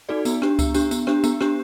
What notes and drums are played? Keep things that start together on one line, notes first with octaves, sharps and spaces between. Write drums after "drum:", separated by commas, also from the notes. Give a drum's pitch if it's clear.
D#4 F#4 A4 D5
B3, drum: tambourine
D4 G4, drum: rim click
B3, drum: kick C#2, tambourine
D4 G4, drum: tambourine
B3, drum: tambourine
D4 G4, drum: rim click
B3, drum: tambourine
D4 G4, drum: rim click